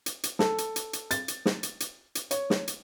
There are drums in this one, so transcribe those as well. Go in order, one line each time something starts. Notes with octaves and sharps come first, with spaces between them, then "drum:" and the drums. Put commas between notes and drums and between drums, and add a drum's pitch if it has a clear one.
drum: hi-hat
drum: hi-hat
A4, drum: snare
drum: hi-hat
drum: hi-hat
drum: hi-hat
A6, drum: hi-hat
drum: hi-hat
drum: snare
drum: hi-hat
drum: hi-hat
drum: hi-hat
C#5, drum: hi-hat
drum: snare
drum: hi-hat